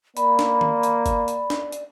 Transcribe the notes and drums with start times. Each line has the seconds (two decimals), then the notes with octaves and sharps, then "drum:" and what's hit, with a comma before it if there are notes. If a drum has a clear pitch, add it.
0.17 A#3 D5 B5, drum: hi-hat
0.39 drum: snare
0.61 drum: tom D#3
0.83 drum: hi-hat
1.06 drum: kick, hi-hat
1.28 drum: hi-hat
1.50 drum: snare
1.72 drum: hi-hat